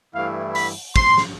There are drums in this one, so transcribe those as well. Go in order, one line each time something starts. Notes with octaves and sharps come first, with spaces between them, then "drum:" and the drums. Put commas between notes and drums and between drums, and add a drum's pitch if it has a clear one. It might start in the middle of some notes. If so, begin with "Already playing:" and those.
G2 E3 A3 E4 F5
B5, drum: open hi-hat
C6, drum: kick
drum: snare